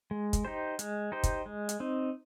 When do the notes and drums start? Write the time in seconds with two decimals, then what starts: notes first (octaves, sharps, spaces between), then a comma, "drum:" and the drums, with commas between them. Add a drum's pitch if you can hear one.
0.11 G#3
0.33 drum: kick, hi-hat
0.45 D#4 G4 C5
0.79 G#3, drum: hi-hat
1.12 D#4 G4 C5
1.23 drum: kick, hi-hat
1.46 G#3
1.69 drum: hi-hat
1.80 C4 D#4